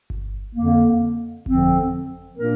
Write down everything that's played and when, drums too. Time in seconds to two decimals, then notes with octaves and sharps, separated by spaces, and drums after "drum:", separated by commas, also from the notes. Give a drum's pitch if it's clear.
0.10 drum: kick G1
0.55 F2 D3 A#3
1.46 F2 D3 F3 C4, drum: kick G1
2.37 A#2 A#3 D4 A#4